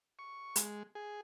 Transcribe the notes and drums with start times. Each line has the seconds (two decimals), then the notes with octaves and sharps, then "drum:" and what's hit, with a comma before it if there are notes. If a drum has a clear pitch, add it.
0.19 C#6
0.56 G#3, drum: hi-hat
0.95 G#4